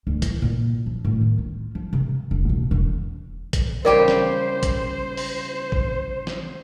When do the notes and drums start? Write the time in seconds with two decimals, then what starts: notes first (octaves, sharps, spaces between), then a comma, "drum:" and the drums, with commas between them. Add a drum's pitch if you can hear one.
0.07 D2
0.22 E4, drum: kick, hi-hat
0.42 A#2
0.86 F3
1.05 A2
1.21 D#3
1.38 F4
1.75 F3
1.93 C3
2.31 E1
2.49 B2
2.71 E1
3.53 drum: kick, hi-hat
3.85 C#3 G3 G4 A#4 C5 D5
4.08 drum: snare
4.63 drum: kick, hi-hat
5.17 drum: open hi-hat
5.72 drum: kick
6.27 drum: snare